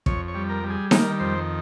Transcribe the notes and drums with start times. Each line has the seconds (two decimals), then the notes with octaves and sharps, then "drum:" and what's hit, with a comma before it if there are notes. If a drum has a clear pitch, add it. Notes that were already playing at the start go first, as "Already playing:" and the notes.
0.06 F2 C#5, drum: kick
0.28 C#5
0.35 G3
0.49 A#4
0.63 G3
0.70 G#4
0.91 D#3 A#4, drum: snare D#4
1.20 F2 C5